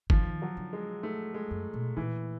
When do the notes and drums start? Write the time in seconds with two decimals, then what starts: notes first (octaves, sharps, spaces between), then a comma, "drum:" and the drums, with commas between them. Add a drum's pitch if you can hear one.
0.10 D#3 F3, drum: kick F#1
0.42 F#3
0.57 D3
0.73 G#3
1.03 A3
1.34 G#3
1.51 F#2
1.74 B2
1.97 A#2 E3